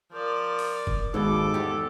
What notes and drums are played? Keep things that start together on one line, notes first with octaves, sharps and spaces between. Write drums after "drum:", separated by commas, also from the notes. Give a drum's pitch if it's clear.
F3 A#4 D5
drum: open hi-hat
drum: kick
D#2 G#2 B2 A4 D6
E2 G4